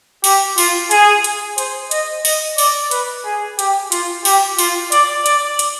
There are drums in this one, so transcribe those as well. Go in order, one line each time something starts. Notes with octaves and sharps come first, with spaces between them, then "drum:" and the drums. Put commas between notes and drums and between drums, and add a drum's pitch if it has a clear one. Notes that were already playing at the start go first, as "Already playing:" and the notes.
G4, drum: open hi-hat
F4, drum: open hi-hat
G#4, drum: hi-hat
drum: hi-hat
C5, drum: hi-hat
D#5, drum: hi-hat
D#5, drum: open hi-hat
D5, drum: open hi-hat
B4, drum: hi-hat
G#4
G4, drum: hi-hat
F4, drum: hi-hat
G4, drum: open hi-hat
F4, drum: open hi-hat
D5, drum: hi-hat
D5, drum: hi-hat
drum: hi-hat